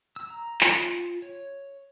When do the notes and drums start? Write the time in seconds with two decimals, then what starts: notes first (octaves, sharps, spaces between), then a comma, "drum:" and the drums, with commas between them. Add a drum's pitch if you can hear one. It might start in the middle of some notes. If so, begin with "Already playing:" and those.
0.16 E6
0.30 A#5
0.61 F4, drum: clap
1.22 C#5